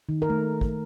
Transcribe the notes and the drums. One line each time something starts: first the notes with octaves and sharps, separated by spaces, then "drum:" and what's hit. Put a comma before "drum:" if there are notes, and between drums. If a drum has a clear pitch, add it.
D#3
A#4
A3
drum: kick